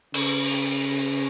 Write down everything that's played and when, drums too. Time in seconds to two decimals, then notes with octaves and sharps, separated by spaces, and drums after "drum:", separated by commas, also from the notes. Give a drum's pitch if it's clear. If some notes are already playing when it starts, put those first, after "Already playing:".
0.14 C#3, drum: cymbal
0.46 drum: open hi-hat